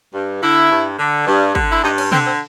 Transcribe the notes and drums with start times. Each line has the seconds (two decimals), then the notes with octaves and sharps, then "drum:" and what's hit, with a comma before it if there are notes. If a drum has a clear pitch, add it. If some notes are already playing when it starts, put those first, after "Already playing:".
0.14 G2
0.42 D3 E4
0.71 G2
0.99 D3
1.27 G2
1.55 D3, drum: kick
1.72 E4
1.84 G2 D#4
1.98 C#4, drum: cymbal
2.12 D3 C4, drum: tom
2.27 C4